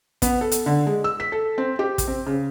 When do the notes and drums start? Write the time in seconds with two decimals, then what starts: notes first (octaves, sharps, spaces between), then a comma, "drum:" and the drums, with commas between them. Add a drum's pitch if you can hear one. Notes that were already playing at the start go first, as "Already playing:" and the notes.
0.22 B3, drum: kick, hi-hat
0.41 A4
0.52 drum: hi-hat
0.66 D3
0.87 G#3
1.04 E6
1.20 B6
1.32 A4
1.58 C4
1.79 G4
1.98 drum: kick, hi-hat
2.08 C4
2.26 C#3